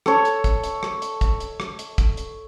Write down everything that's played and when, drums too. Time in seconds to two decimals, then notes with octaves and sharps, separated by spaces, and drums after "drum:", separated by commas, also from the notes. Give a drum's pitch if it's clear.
0.06 A4 C#5, drum: rim click
0.25 drum: hi-hat
0.44 drum: kick, hi-hat
0.64 drum: hi-hat
0.83 drum: rim click
1.02 drum: hi-hat
1.21 drum: kick, hi-hat
1.40 drum: hi-hat
1.60 drum: rim click
1.79 drum: hi-hat
1.98 drum: kick, hi-hat
2.17 drum: hi-hat